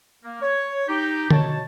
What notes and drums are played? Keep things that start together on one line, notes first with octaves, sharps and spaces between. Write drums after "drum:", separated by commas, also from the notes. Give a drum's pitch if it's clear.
A#3
C#5
D#4 G4
B2 C#5 A5, drum: tom D3